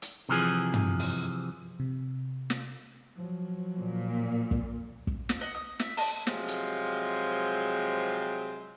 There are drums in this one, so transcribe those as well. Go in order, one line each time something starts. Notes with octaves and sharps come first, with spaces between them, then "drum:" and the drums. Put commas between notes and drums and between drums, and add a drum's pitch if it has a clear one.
drum: hi-hat
C3 E3 F3 G#4
drum: tom
drum: open hi-hat
C3
drum: snare
F3 F#3
A#2
drum: kick
drum: kick
drum: snare
D#5 F#5
D#6
E5, drum: snare
D5 D#5 A5, drum: open hi-hat
C3 F3 F#3 G#3, drum: snare
drum: hi-hat